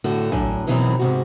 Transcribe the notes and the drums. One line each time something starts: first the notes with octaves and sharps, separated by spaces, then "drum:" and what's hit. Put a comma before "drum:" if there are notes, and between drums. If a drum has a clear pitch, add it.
A2 D3 F#4 A4
A2 F#3 D4 G#5, drum: kick
F#2 B2 D#3 E3 F#3 C4
G#2 C3 F#4